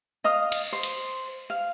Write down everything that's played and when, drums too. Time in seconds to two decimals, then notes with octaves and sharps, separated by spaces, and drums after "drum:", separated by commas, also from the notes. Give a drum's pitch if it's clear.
0.24 D#5 F5 D#6
0.52 drum: cymbal
0.73 C5
0.83 drum: hi-hat
1.50 F5